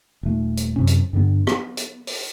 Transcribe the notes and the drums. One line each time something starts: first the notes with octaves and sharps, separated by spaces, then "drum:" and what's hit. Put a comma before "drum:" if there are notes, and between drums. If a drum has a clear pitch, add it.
D#1 A3
drum: hi-hat
F#2 C3 C#4
drum: hi-hat
G2 D3 B3
B3, drum: rim click
drum: hi-hat
drum: open hi-hat